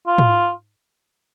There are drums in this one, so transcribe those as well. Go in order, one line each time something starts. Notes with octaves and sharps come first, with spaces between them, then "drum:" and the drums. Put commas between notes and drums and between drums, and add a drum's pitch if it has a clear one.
F4
drum: tom